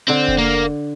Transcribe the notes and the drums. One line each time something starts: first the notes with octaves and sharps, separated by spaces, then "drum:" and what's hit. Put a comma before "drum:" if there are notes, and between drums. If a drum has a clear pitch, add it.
D3 C4
drum: kick F1
A#3